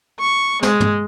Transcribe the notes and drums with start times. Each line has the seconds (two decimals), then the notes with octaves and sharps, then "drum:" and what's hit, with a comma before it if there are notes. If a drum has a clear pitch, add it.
0.20 C#6
0.63 G#3, drum: snare
0.80 drum: tom